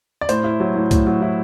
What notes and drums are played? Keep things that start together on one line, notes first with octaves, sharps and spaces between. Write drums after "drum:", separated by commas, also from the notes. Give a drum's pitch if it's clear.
D5
A2 C5, drum: hi-hat
E4
F#3
A2
A2, drum: kick C2, hi-hat
F#3
E4